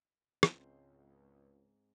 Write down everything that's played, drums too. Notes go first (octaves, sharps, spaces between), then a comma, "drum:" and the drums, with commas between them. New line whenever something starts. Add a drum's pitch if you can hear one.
C#2 G#2 C4 C5, drum: rim click